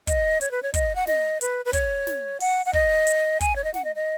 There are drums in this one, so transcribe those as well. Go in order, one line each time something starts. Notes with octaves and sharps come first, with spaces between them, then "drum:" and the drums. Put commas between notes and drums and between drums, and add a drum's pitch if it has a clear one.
D#5, drum: kick, hi-hat
C#5, drum: hi-hat
B4
C#5
D#5, drum: kick, hi-hat
F#5
D#5, drum: snare
B4, drum: hi-hat
B4
C#5, drum: kick, hi-hat
drum: snare
F#5, drum: open hi-hat
F#5
D#5, drum: kick
drum: hi-hat
G#5, drum: kick, hi-hat
C#5
D#5
F#5, drum: snare
D#5
D#5